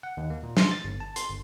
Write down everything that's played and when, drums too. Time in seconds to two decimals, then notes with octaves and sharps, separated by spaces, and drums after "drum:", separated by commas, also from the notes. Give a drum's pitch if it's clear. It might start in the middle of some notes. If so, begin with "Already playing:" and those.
0.03 F#5
0.17 D#2
0.30 A#3
0.43 A#2
0.57 C6, drum: snare
0.71 A6
0.84 G1
1.00 A5
1.16 C6, drum: hi-hat
1.29 G1